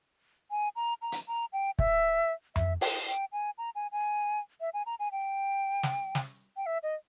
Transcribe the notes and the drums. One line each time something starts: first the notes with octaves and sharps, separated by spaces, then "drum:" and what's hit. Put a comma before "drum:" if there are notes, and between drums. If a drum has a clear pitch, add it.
G#5
A#5
A#5
drum: hi-hat
A#5
G5
E5, drum: kick
E5, drum: tom F2
G5, drum: open hi-hat
G5
G#5
A#5
G#5
G#5
E5
G#5
A#5
G#5
G5
drum: snare
drum: snare
G5
E5
D#5